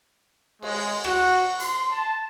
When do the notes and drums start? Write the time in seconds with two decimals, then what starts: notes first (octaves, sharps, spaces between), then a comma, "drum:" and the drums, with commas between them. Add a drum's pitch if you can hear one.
0.62 G#3, drum: cymbal
1.04 F#4, drum: rim click
1.60 C6, drum: hi-hat
1.91 A5